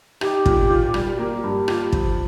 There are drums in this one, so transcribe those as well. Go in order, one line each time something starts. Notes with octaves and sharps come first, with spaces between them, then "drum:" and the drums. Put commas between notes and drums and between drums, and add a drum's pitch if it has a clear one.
D#4 G4, drum: rim click
A#2, drum: kick
F4
G3, drum: rim click
F4
A#3 G4
G2
F4, drum: rim click
F3, drum: kick